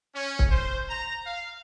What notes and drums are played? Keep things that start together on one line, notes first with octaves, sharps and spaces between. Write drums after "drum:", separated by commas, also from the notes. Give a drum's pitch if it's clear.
C#4
drum: kick
C5
A#5
F5